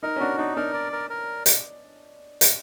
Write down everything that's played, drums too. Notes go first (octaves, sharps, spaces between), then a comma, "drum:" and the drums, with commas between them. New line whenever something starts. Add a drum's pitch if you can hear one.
D#4 A#4
C#4
D4 F#4
D4 D#4
D4 A#4
D5
A#4
A#4
drum: hi-hat
drum: hi-hat